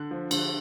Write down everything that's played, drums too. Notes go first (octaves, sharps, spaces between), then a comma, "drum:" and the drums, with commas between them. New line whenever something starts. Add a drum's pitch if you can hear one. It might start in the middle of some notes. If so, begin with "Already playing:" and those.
Already playing: D3 F#6
F3
D3, drum: cymbal